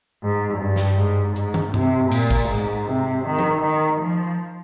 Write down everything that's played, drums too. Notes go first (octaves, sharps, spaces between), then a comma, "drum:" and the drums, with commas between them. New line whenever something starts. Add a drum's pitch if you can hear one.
G#2
G2
drum: snare
G#2
G#2, drum: hi-hat
drum: tom
C3, drum: tom G2
A#2, drum: cymbal
drum: kick
G#2
C3
D#3
drum: tom F3
D#3
F3